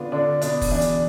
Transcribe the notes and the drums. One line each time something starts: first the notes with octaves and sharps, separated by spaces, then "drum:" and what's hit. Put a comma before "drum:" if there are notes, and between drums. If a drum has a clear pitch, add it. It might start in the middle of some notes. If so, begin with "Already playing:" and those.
Already playing: D3 B3 D4 F4
D3 D4
B2 D4, drum: hi-hat
drum: kick F1, open hi-hat
E2 D4
drum: hi-hat